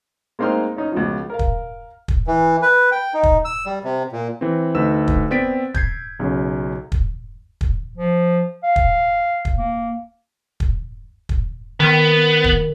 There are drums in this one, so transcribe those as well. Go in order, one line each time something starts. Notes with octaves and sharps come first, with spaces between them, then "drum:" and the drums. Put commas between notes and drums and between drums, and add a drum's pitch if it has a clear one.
G#3 A#3 C4 D#4 C6 F6
C#4 D#4
C#2 B2 F3
A#4 F5
drum: kick
drum: kick
E3
B4
G5
D#4
drum: kick
E6
G3
C3
A#2
E3 C4
D2 D#4 B4 E6 E7
drum: kick
B3 C4 D5 A6 B6 D7
G6 G#6 C7, drum: kick
B1 C#3 C#5
drum: kick
drum: kick
F3
F5
drum: kick
drum: kick
A#3
drum: kick
drum: kick
D#3 B3
drum: kick